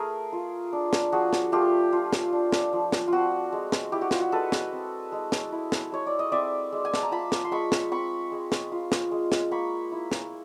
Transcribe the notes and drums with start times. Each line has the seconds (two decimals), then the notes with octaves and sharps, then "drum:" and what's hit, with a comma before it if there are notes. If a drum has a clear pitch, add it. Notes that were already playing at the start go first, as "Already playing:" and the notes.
Already playing: A3 G#4 A#4
0.33 F4
0.73 D4
0.93 drum: snare
1.12 F3 F#4 G#4
1.33 drum: snare
1.52 A3 F4 G4
1.92 F4
2.13 drum: snare
2.33 D4
2.52 drum: snare
2.73 F3
2.92 drum: snare
3.08 C4 F4 F#4
3.52 G#3
3.72 drum: snare
3.92 E4 G4
4.01 F#4
4.11 F4, drum: snare
4.20 F#4
4.32 G#3 A4 B4
4.52 drum: snare
4.72 C4
5.12 G#3
5.32 drum: snare
5.52 E4
5.72 drum: snare
5.92 G#3 C#5
6.07 D5
6.19 D#5
6.32 C4 D5 E5
6.72 G#3
6.85 G#5
6.94 A5, drum: snare
7.03 A#5
7.11 F4 A5 B5
7.32 drum: snare
7.44 C6
7.51 G#3 B5 C#6
7.72 drum: snare
7.91 C4 B5 C#6
8.32 G#3
8.52 drum: snare
8.72 F4
8.92 drum: snare
9.11 G#3
9.32 drum: snare
9.51 A#3 B5 C#6
9.92 E4
10.11 drum: snare